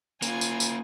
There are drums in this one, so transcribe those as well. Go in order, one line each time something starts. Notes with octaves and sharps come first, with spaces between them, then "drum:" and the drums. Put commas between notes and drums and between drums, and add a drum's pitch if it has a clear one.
A#3 C#4 F4 G#5, drum: tambourine
drum: tambourine
drum: tambourine